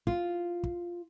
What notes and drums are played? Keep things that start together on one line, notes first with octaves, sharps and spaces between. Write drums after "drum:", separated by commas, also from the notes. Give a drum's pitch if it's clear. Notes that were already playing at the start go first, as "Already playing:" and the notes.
F4, drum: kick
drum: kick